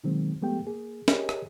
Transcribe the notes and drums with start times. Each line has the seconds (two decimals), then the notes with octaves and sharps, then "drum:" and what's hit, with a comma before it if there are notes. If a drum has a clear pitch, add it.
0.04 B2 D#3 F#3 G#3 A#3 C4
0.41 F3 G#3 A3 B3 G4 G5
0.67 A#3 G#4
1.08 G4 G#4 A#4 C#5 D#5 G#5, drum: snare
1.29 drum: rim click